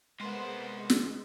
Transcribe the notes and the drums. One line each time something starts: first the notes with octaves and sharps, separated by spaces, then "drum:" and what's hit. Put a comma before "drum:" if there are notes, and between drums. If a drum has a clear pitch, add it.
C2 G#3 A#3 B3 C5
drum: snare